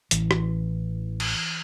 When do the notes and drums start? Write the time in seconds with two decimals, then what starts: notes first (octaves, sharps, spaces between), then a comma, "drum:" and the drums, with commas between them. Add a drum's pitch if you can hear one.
0.11 A1 E3, drum: hi-hat
0.31 drum: rim click
1.20 drum: cymbal